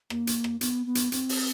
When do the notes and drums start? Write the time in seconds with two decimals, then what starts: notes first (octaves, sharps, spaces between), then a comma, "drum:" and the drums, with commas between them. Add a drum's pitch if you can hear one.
0.10 A#3, drum: rim click
0.27 drum: hi-hat
0.44 drum: rim click
0.61 B3, drum: hi-hat
0.86 B3
0.95 drum: hi-hat
1.12 C4, drum: hi-hat
1.29 drum: open hi-hat